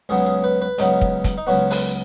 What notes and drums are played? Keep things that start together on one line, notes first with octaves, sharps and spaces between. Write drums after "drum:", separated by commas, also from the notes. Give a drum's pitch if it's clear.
C#2 C#3 F#3 B3 G#4
G#4
B4
B4
C#2 C#3 F#3 B3 D#4, drum: hi-hat
drum: kick
drum: kick, hi-hat
D#4
C#2 C#3 F#3 B3 F#4
B4, drum: open hi-hat